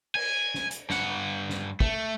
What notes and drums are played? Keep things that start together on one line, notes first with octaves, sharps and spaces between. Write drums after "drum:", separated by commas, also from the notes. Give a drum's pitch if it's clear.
G#5, drum: cymbal
drum: snare
drum: hi-hat
G2 F#5, drum: snare
drum: snare
A3, drum: kick